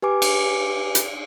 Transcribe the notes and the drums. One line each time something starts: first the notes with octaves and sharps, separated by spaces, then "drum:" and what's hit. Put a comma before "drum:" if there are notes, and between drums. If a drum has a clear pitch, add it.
G4 B4 G#5 D6
drum: cymbal
drum: hi-hat